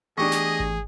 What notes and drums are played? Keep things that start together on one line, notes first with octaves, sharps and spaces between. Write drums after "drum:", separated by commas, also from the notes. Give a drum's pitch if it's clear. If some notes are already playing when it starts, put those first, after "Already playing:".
E2 A3 D4 G4 G#4 D#5 C#6
drum: snare
drum: kick G#1